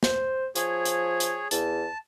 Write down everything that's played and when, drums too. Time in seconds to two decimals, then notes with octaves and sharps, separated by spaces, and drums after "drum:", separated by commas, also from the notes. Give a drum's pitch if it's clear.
0.03 C5, drum: snare
0.56 F3 G#4 C#5, drum: hi-hat
0.85 drum: hi-hat
1.20 drum: hi-hat
1.51 E2 A5, drum: hi-hat